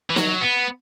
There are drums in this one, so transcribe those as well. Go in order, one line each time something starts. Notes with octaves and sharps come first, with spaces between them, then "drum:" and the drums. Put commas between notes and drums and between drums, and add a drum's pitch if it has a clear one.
E3
F#3, drum: snare
B3